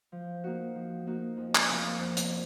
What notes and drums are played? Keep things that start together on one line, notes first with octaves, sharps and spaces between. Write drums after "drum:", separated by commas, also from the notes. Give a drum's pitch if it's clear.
F3
A#3 D#4 F#4
F3
A#3 D#4 F#4
F2
drum: clap
C3 F3 A#3
F2
drum: hi-hat